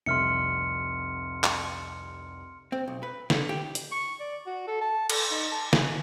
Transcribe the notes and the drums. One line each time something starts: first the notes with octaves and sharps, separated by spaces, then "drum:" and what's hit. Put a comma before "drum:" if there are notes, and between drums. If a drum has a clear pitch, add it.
F1 C2 E5 C6 F6 C#7
drum: clap
C4
B1
B4
D3, drum: snare
G4
drum: hi-hat
C#6
D5
F#4
A4
A5
A4, drum: cymbal
D#4
A5
G#5, drum: snare